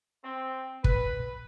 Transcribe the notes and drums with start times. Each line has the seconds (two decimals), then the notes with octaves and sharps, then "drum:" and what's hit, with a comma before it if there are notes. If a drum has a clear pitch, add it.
0.24 C4
0.84 B4, drum: kick